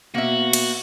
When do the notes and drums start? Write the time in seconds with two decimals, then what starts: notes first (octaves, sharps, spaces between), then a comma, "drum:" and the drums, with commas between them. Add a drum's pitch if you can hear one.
0.15 B2 A#3 F#4 E5
0.53 drum: cymbal